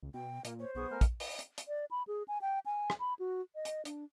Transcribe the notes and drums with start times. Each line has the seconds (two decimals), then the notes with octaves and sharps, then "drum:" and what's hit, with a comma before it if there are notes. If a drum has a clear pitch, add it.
0.03 C#2
0.14 B2 G5
0.45 A#2 A#3, drum: hi-hat
0.59 C5 C#5
0.75 B1 B3 G#4 C#6 D#6
0.91 A3 A#4 G#5 F6
1.01 drum: kick, hi-hat
1.20 drum: open hi-hat
1.39 drum: hi-hat
1.58 drum: hi-hat
1.68 D5
1.91 B5
2.07 G#4
2.28 G#5
2.42 G5
2.66 G#5
2.90 drum: rim click
3.00 B5
3.19 F#4
3.55 D#5
3.65 drum: hi-hat
3.85 D4, drum: hi-hat